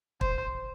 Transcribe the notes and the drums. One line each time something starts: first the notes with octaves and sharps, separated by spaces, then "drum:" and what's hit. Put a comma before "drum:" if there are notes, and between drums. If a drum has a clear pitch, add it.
C5, drum: kick